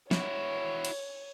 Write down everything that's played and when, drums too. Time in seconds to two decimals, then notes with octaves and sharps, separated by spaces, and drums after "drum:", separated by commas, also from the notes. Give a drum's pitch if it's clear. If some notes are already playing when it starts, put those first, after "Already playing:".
0.11 E4 F#4 C#5, drum: snare
0.85 drum: cymbal